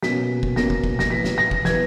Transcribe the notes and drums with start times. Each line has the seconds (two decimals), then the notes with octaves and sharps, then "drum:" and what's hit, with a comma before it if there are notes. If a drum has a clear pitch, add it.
0.03 B2 A#3 C#4 B6, drum: snare
0.43 drum: kick
0.56 B2 A#3 C#4 A#6, drum: snare
0.70 drum: kick
0.84 drum: kick
0.99 A#6, drum: snare
1.10 E3 B3 B6
1.24 drum: snare
1.38 A#6
1.51 drum: kick
1.65 E3 B3 G#6, drum: snare